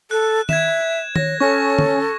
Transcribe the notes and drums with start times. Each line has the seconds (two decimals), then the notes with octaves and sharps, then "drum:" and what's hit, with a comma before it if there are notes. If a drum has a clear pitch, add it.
0.11 A4 F#6
0.49 E5 G#6 E7, drum: tom D#3
1.16 C#5 A#6, drum: tom D#3
1.40 C#4 A4 C#6 A#6
1.79 drum: tom